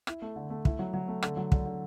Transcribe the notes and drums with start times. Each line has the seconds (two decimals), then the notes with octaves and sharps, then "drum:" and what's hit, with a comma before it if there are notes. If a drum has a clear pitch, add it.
0.07 E4, drum: rim click
0.22 A3
0.36 D3
0.50 A3
0.65 E4, drum: kick
0.79 F#3
0.94 F#3
1.08 A3
1.23 D3, drum: rim click
1.37 F#3
1.52 D3, drum: kick
1.66 D3